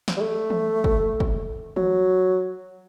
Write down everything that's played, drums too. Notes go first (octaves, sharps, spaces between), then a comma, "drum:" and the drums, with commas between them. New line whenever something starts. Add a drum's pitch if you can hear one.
drum: snare
G3
A3
drum: tom E3
drum: kick
drum: kick
F#3, drum: tom E3